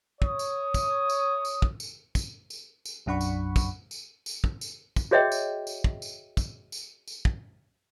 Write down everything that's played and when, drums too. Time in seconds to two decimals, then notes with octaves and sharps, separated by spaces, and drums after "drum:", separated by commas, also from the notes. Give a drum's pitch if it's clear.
0.22 C#5 D#6, drum: kick
0.39 drum: tambourine
0.74 drum: kick, tambourine
1.10 drum: tambourine
1.45 drum: tambourine
1.62 drum: kick
1.80 drum: tambourine
2.15 drum: kick, tambourine
2.50 drum: tambourine
2.85 drum: tambourine
3.06 B1 F#2 D4 F#5 B5 C#6
3.21 drum: tambourine
3.56 drum: kick, tambourine
3.91 drum: tambourine
4.26 drum: tambourine
4.44 drum: kick
4.61 drum: tambourine
4.96 drum: kick, tambourine
5.11 F#4 G#4 C#5 D#5 E5 G5
5.32 drum: tambourine
5.67 drum: tambourine
5.84 drum: kick
6.02 drum: tambourine
6.37 drum: kick, tambourine
6.72 drum: tambourine
7.08 drum: tambourine
7.25 drum: kick